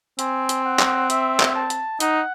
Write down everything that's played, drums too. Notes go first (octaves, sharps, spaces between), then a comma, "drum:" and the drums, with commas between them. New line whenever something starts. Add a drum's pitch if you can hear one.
C4 G#5, drum: hi-hat
drum: hi-hat
F#5
drum: clap
E5, drum: hi-hat
drum: clap
A5
drum: hi-hat
D#4 F#5, drum: hi-hat